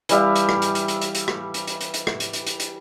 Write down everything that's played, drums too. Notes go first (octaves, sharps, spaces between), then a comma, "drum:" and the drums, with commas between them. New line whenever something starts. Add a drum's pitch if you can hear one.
E3 G3 E5 F5, drum: hi-hat
drum: hi-hat
drum: rim click
drum: hi-hat
drum: hi-hat
drum: hi-hat
drum: hi-hat
drum: hi-hat
drum: rim click
drum: hi-hat
drum: hi-hat
drum: hi-hat
drum: hi-hat
drum: rim click
drum: hi-hat
drum: hi-hat
drum: hi-hat
drum: hi-hat